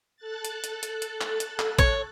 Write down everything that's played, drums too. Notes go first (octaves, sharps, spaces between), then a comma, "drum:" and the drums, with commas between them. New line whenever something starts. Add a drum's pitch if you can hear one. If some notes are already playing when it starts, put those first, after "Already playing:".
A4 F#6 A6
drum: hi-hat
drum: hi-hat
drum: hi-hat
drum: hi-hat
drum: clap
drum: hi-hat
drum: clap
C#5, drum: kick A1, hi-hat